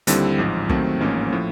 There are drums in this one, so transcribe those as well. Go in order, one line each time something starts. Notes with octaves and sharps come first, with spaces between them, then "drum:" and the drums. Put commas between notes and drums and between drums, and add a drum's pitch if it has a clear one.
D#2 D3 G3 C4 E4, drum: hi-hat
A1 G#2 F3
D#2 D#3 F#3 A3 C4, drum: kick
A1 G#2 F3 A#3 C#4
A2 F3